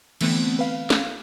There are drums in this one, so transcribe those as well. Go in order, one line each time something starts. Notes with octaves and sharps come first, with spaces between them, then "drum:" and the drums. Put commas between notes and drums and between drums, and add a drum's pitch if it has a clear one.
D3 E3 A3 B3 C4, drum: cymbal
B4 F5
drum: snare